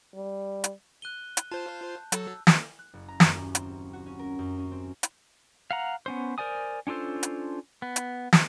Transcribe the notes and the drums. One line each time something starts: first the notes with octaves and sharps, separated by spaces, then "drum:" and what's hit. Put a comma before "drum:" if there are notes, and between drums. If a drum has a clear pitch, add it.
G3
drum: hi-hat
F#6 D#7 G7
drum: hi-hat
F4 C5 A5 G6
F#3 A4 E6, drum: hi-hat
drum: snare
F#6
F#1
A#5
F#2, drum: snare
D#1
C4, drum: hi-hat
F#4
C#4
A#4
F#2
C#4
C4
drum: hi-hat
F5 F#5 A#5
B3 C#4 C5
A#4 C5 D5 G#5 D#6
C#4 D4 F4 A4 C5
drum: hi-hat
B3
drum: hi-hat
drum: snare